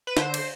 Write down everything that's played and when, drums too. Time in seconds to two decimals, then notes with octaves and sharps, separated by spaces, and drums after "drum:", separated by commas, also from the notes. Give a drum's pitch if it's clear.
0.07 B4
0.17 D3 C5, drum: snare
0.34 drum: cymbal